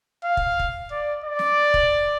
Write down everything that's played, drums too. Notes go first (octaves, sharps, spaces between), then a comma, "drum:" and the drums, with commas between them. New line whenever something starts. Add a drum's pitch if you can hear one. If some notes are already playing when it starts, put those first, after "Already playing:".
F5
drum: kick
drum: kick
D5
D5
drum: snare
drum: kick